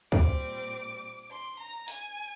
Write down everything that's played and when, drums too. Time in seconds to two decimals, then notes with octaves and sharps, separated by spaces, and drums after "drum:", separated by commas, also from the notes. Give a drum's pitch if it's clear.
0.12 A#2 G3 C4 D6, drum: kick C#2
1.29 C6
1.59 A#5
1.88 G#5, drum: hi-hat